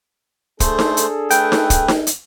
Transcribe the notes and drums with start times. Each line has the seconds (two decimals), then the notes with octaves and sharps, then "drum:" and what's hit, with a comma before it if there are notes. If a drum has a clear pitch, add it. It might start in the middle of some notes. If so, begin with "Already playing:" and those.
0.60 A3 D4 G#4 A4 C5, drum: kick, hi-hat
0.79 drum: snare D#4
0.97 drum: hi-hat
1.30 A3 B4 G5, drum: hi-hat
1.52 drum: snare D#4
1.70 drum: kick, hi-hat
1.88 drum: snare D#4
2.07 drum: hi-hat